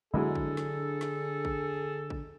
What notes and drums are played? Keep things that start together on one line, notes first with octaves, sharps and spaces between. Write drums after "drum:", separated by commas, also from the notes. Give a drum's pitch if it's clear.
D3 F#3 G#3 C4 D4 E4 G#4 A4
drum: kick
drum: snare
drum: snare
drum: kick
drum: kick